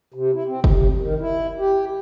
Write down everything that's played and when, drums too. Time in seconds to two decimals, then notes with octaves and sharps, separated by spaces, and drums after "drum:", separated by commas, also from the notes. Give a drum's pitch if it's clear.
0.14 C3
0.33 E4
0.47 C4
0.64 C3, drum: kick
0.99 D#3
1.20 E4
1.59 G4